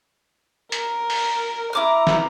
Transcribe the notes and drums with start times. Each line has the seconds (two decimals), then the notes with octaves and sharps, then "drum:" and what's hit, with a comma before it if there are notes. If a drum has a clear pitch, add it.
0.72 A#4, drum: hi-hat
1.10 drum: open hi-hat
1.73 E4 A#5 D6 F6
2.07 drum: snare